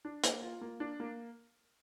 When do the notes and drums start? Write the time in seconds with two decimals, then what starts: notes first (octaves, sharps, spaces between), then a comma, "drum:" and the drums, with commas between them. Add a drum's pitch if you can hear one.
0.05 D4
0.24 A#3, drum: hi-hat
0.43 F4
0.61 A#3
0.80 D4
1.00 A#3